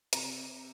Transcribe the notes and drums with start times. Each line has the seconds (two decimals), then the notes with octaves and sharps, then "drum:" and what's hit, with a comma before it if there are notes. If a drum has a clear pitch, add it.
0.13 C3 A#5, drum: hi-hat